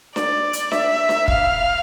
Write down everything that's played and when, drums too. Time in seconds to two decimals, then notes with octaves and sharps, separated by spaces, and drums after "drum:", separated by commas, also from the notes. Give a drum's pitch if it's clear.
0.16 D5, drum: snare D4
0.53 drum: hi-hat
0.71 E5, drum: snare D4
1.09 drum: snare D4
1.28 F5, drum: kick